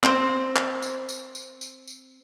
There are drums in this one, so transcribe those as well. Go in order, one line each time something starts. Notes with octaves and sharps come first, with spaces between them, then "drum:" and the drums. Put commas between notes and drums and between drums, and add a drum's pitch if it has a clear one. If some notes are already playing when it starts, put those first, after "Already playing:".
C4 C5, drum: clap
drum: clap
drum: tambourine
drum: tambourine
drum: tambourine
drum: tambourine
drum: tambourine